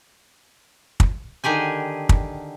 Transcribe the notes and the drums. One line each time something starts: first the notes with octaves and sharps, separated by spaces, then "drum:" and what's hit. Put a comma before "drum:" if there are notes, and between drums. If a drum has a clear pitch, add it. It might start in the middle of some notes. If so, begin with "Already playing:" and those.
drum: kick
D3 D#3 G4 G#4 G#5
drum: kick